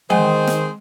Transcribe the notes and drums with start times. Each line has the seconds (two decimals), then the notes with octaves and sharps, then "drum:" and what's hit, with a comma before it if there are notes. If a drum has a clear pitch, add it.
0.10 D#3 G#3 C4 G#4 C5 D#5 G5 G#5, drum: tom E3
0.47 drum: snare